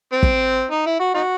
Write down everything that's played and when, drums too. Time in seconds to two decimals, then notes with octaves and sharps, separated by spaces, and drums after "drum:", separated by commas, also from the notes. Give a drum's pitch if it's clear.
0.12 C4
0.23 drum: kick
0.71 D#4
0.86 E4
1.00 F#4
1.15 D#4 F#4